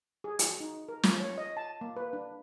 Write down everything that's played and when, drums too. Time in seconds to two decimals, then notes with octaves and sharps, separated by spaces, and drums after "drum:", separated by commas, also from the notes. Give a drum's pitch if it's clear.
0.24 G#4
0.39 F#4, drum: hi-hat
0.60 D#4
0.88 A#4
1.03 F4, drum: snare
1.20 C#5
1.38 D#5
1.57 A5
1.81 A#3
1.96 B4
2.13 D4